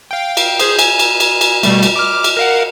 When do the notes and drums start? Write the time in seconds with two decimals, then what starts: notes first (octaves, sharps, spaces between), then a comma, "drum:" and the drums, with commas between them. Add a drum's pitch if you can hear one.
0.11 F5 G5
0.37 drum: cymbal
0.60 G#4 C5 D#6, drum: cymbal
0.79 G#5, drum: cymbal
0.99 drum: cymbal
1.20 drum: cymbal
1.41 drum: cymbal
1.63 B2 G3 A3, drum: cymbal
1.83 drum: cymbal
1.96 D6 F6
2.24 drum: cymbal
2.37 A#4 F5 F#5